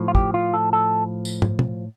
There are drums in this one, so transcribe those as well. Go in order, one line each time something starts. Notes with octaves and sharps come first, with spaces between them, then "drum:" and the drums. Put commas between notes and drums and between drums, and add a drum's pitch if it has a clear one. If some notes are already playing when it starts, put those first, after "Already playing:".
Already playing: A2 F3
F4
G4, drum: kick
F4
A4
A4
drum: tambourine
drum: tom
drum: tom